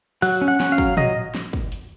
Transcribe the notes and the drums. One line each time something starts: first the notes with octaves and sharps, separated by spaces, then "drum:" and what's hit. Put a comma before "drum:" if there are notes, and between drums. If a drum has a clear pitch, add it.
F#3 F#5, drum: open hi-hat
C#4
F#5
C#4, drum: snare
F5
F#3, drum: kick
F#3 D#5, drum: tom
drum: snare
drum: kick
drum: hi-hat